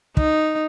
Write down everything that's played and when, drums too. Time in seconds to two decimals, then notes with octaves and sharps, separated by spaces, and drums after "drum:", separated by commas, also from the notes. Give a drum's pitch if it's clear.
0.17 D#4, drum: kick